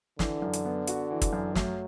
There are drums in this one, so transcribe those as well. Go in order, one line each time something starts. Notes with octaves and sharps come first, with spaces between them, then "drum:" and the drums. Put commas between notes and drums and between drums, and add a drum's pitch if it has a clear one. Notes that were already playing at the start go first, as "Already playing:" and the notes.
D3 E3, drum: snare
F#2
drum: hi-hat
B3
F#4, drum: hi-hat
E3
drum: kick, hi-hat
F#2
F#3 A3, drum: snare